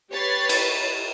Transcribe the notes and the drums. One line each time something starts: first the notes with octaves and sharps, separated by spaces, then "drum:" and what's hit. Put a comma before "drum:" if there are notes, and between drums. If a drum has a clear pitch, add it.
G4 B4 C#5 B5 A6 C7
drum: cymbal